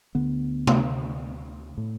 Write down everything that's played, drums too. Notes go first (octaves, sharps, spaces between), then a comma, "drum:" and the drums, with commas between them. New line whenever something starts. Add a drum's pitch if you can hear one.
D2 D3 B3
drum: tom
A2